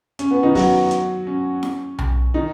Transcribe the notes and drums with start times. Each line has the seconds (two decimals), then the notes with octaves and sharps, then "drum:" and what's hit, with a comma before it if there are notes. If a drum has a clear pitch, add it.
0.19 C#4, drum: hi-hat
0.31 B3
0.43 D#3 D#4
0.55 F#3 F#4, drum: kick, open hi-hat
0.91 drum: hi-hat
1.27 C#4
1.63 drum: snare E4
1.99 drum: tom B1
2.34 D#3 D#4